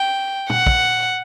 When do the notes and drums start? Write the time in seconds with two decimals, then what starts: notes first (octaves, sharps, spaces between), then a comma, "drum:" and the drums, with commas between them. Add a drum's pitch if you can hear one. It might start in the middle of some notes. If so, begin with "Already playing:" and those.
Already playing: G5
0.50 F#5, drum: tom
0.66 drum: kick